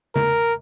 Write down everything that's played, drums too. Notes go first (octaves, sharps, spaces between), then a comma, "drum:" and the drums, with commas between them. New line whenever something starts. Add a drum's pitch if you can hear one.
A#4, drum: tom C#3